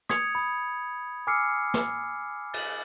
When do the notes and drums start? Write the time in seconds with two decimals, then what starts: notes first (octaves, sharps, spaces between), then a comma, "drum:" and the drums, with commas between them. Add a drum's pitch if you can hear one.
0.09 D#6 G#6 C#7 F7, drum: rim click
0.35 B5 D#6
1.27 G#5 D6 E6 F6 C7 C#7
1.74 drum: snare
2.54 A6 F#7, drum: cymbal